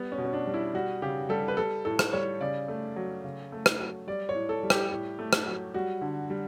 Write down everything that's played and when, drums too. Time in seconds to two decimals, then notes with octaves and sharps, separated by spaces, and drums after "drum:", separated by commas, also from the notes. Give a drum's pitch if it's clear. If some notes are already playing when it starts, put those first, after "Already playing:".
Already playing: G3 B3
0.12 C#4
0.18 B2
0.25 C#4
0.33 D4
0.47 G3
0.54 E4
0.74 G3 F#4
1.02 C#3 G4
1.29 G3 A4
1.48 B4
1.57 G3 A4
1.85 A2 A4
1.99 drum: rim click
2.13 G3 C#5
2.41 C#3 D5
2.68 A3
2.96 F#3
3.24 C#3
3.52 A3
3.66 drum: rim click
3.80 F#3
4.07 G3 D5
4.29 C#5
4.35 A2
4.49 A4
4.63 G3
4.70 G4, drum: rim click
4.91 A2
5.19 A3
5.33 drum: rim click
5.46 F#3
5.74 G3 F#4
6.01 D3
6.30 G3